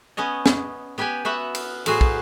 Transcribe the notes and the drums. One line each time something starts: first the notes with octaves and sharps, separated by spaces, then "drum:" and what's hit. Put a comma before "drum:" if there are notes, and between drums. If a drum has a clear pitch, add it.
B3 C#4 C#5 D#5
drum: snare
B3 G4 B4 G5 G#5
B3 F#4 E5 F#5
drum: cymbal
A2 F#3 B3 F#4 G#4 C5, drum: cymbal
drum: kick